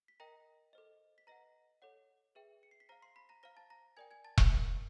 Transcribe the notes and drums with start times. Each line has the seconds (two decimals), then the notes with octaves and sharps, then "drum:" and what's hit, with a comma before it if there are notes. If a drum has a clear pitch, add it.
0.08 B6
0.20 A#4 D#5 G5 A#5 A#6
0.73 A4 C5 D#5
1.18 B6
1.27 B4 D#5 F#5 A#5 A#6
1.82 A4 C#5 F#5
2.35 G#4 B4 E5 G5
2.63 C#7
2.71 C7
2.80 B6
2.89 C5 F5 A#5 A#6
3.02 C6 C7
3.16 B5 B6
3.29 A#5 A#6
3.43 C5 F5 A#5 A#6
3.57 A5 A6
3.70 A#5 A#6
3.97 A#4 D5 G5 G#5 G#6
4.11 G#5 G#6
4.24 A5 A6
4.38 A5 A6, drum: kick E1
4.50 A#4 C#5 E5 G5